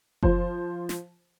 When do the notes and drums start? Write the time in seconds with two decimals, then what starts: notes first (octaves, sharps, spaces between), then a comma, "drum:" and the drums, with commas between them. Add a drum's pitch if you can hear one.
0.23 F3 C5, drum: kick F#1
0.89 drum: snare